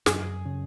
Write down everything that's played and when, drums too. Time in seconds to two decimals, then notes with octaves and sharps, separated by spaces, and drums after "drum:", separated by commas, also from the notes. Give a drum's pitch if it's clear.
0.06 F#2 G#4, drum: snare
0.45 C#3